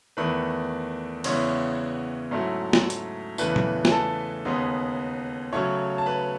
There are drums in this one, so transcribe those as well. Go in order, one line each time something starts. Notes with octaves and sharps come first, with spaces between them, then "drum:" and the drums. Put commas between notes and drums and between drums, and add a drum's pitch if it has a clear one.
E2 D#3 A3 B4 B5
E2 C#3 G#3 B3 E4 C#5 C#6, drum: cymbal
G#2 F#3 A3 C#4 E4
drum: snare
drum: hi-hat
E2 C#3 E3 A3 B4 B5, drum: tambourine
drum: tom A#2
G#5, drum: snare
A4 A5
D#2 C#3 G#3 B3 D#4
C#3 F#3 A3 C#5 C#6
A5
B4 B5